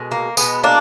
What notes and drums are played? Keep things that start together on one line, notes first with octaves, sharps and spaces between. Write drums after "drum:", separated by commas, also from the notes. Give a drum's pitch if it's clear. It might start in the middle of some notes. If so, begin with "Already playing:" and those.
Already playing: B2 G#3
A#3
B2 G#3 B3, drum: tambourine
A#3 D4